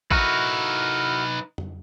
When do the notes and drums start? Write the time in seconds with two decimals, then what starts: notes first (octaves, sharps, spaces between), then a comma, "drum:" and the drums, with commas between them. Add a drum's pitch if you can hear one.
0.11 D#4 E4 F#4 A#4 B4, drum: kick A1
1.58 drum: tom F2